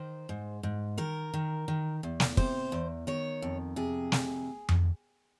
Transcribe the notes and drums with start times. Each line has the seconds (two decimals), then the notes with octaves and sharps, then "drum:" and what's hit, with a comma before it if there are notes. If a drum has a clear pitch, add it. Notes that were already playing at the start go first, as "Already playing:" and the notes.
Already playing: D#3 C5
0.29 G#2
0.63 G#2
0.98 D#3 A#4
1.34 D#3
1.68 D#3
2.03 E2
2.20 drum: snare
2.37 C3 C5, drum: kick
2.72 E2
3.07 D#3 C#5
3.42 F2
3.76 C3 G#4
4.12 F2, drum: snare
4.69 drum: tom F2